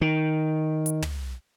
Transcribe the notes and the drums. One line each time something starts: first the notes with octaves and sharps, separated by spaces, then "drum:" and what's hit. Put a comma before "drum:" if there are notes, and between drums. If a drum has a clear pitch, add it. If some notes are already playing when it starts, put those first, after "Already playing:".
D#3
drum: hi-hat
drum: tom